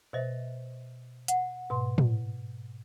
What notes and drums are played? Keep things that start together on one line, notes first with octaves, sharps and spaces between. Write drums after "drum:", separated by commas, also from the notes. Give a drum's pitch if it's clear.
B2 C5 D#5 E5
F#5, drum: hi-hat
G#2 B2 C6
drum: tom A2